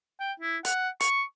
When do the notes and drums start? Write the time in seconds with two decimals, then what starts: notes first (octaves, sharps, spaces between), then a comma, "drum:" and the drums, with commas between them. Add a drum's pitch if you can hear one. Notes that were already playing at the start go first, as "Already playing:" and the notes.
0.20 G5
0.40 E4
0.65 F#5, drum: hi-hat
1.00 C#6, drum: hi-hat